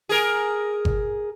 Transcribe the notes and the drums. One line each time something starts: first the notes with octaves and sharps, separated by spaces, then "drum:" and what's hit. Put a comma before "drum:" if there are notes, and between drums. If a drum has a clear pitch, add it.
G#4 A#4
drum: kick G1